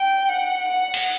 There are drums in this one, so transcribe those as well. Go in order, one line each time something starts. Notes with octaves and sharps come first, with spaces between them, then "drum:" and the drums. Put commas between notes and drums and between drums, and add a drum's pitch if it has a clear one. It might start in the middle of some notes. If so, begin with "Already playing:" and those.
Already playing: G5
F#5
F#5
drum: cymbal